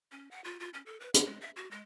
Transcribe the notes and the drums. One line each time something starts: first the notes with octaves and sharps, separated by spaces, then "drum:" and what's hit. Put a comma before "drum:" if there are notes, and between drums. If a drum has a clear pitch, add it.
C#4
F#5
F4
F4
C#4
A4
B4
F#5, drum: hi-hat
G#3
E5
F#4
G#3